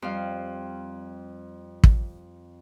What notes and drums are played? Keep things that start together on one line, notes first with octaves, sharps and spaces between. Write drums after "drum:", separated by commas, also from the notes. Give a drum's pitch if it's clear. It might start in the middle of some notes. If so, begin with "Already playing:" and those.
F2 G3 F5
drum: kick